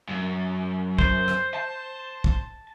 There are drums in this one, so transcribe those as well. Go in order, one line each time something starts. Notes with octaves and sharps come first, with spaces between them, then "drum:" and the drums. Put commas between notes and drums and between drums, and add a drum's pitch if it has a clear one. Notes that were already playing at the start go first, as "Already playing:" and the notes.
F#2
C5, drum: kick
drum: rim click
A5
drum: kick